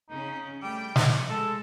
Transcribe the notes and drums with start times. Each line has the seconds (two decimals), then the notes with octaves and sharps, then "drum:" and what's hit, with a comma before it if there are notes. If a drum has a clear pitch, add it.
0.10 C#3 C#4 D#4
0.62 G3 A3 G5
0.96 F#4, drum: snare
1.29 G#3 A4